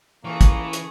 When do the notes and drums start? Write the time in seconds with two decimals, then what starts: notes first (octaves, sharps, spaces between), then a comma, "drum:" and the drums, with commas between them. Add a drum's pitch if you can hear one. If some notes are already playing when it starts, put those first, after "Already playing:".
0.24 C#2 E3 A#3 C#4 G#4 A4 C#6
0.41 drum: kick, hi-hat
0.73 drum: hi-hat